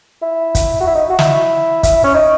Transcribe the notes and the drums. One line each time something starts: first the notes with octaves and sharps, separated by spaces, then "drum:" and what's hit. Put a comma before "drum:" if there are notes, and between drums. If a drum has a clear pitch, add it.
E4
drum: kick, hi-hat
F#4
E4
D#4
F#4
E4, drum: snare
E4, drum: kick, hi-hat
C#4
D#4